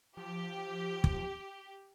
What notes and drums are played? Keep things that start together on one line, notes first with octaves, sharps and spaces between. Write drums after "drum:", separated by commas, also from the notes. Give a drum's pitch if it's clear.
F3 G4
drum: kick